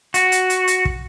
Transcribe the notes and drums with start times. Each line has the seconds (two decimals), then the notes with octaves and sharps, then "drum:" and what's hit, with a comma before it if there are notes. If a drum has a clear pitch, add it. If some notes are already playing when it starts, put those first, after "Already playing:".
0.14 F#4, drum: hi-hat
0.32 drum: hi-hat
0.50 drum: hi-hat
0.68 drum: hi-hat
0.85 drum: kick